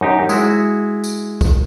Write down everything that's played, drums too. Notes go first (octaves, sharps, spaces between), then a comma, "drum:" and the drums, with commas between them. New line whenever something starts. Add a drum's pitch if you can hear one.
F#2 D#4 G4
G#3 E4 F#4, drum: tambourine
drum: tambourine
drum: kick, tambourine